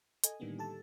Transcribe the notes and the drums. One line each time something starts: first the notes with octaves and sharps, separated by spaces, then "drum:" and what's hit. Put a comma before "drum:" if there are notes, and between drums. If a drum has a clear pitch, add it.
A4 D#5 G#5, drum: hi-hat
A2 D3 D#3 G3 A#3 B3
G4 A4 A5